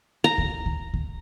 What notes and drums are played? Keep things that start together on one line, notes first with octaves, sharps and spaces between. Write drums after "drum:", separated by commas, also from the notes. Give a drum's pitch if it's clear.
A#5
drum: kick D2
drum: kick D2
drum: kick D2